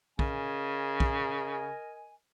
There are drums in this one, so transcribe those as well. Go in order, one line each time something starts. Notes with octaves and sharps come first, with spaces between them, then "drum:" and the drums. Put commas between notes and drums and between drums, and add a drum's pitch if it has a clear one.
C#3 A#4 D#5 G#5, drum: kick
drum: kick